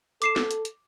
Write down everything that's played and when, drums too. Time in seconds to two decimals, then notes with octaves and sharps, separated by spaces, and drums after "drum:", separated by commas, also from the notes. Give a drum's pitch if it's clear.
0.22 A4 D6 C7 E7, drum: hi-hat
0.36 drum: snare
0.51 drum: hi-hat
0.65 drum: hi-hat